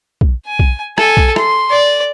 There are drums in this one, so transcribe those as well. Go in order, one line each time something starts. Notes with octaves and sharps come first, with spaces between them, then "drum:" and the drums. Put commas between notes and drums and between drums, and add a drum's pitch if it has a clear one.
drum: kick
G#5
drum: kick
A4 G#5, drum: rim click
drum: kick
C6, drum: rim click
D5